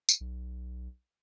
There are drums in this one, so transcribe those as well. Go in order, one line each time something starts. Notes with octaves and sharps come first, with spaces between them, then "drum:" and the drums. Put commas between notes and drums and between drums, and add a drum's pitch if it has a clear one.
drum: tambourine
B1